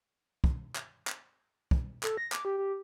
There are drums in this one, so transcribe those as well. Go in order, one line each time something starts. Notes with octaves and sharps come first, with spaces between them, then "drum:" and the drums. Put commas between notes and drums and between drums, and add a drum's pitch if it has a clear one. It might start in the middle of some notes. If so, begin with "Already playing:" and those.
drum: kick
drum: clap
drum: clap
drum: kick
A4, drum: clap
A#6
D6, drum: clap
G4
G4